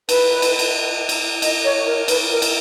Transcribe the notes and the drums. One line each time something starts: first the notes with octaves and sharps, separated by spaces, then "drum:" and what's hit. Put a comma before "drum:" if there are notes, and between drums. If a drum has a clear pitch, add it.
B4, drum: cymbal
drum: cymbal
drum: cymbal
drum: cymbal
D#5, drum: cymbal
C#5
A#4
B4, drum: cymbal
A#4
drum: cymbal